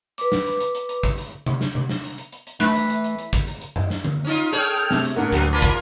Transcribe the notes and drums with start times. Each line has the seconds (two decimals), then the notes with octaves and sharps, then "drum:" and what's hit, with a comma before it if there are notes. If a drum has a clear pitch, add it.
0.18 B4 D6, drum: hi-hat
0.32 drum: snare
0.46 drum: hi-hat
0.60 drum: hi-hat
0.75 drum: hi-hat
0.89 drum: hi-hat
1.03 drum: kick, hi-hat
1.18 drum: hi-hat
1.46 drum: tom C3
1.61 drum: snare
1.75 drum: tom C3
1.89 drum: snare
2.04 drum: hi-hat
2.18 drum: hi-hat
2.32 drum: hi-hat
2.47 drum: hi-hat
2.60 E3 A3 B4, drum: snare
2.75 drum: hi-hat
2.90 drum: hi-hat
3.04 drum: hi-hat
3.19 drum: hi-hat
3.33 drum: kick, hi-hat
3.47 drum: hi-hat
3.62 drum: hi-hat
3.76 drum: tom F#2
3.90 drum: snare
4.05 drum: tom D3
4.24 C#4 D#4 F4
4.52 G#4 A4 C#5 G5 F6
4.62 drum: hi-hat
4.76 drum: hi-hat
4.91 C3 A3, drum: snare
5.05 drum: hi-hat
5.16 A2 C#3 A#3 D4 A#4 F#5
5.32 D2 F#3, drum: hi-hat
5.53 A#3 F4 A#4 D5 A5 B5
5.62 drum: kick, hi-hat